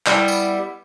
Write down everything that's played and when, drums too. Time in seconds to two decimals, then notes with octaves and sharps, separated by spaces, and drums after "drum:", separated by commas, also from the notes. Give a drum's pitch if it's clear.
0.07 G3 B3 E4, drum: clap
0.28 drum: tambourine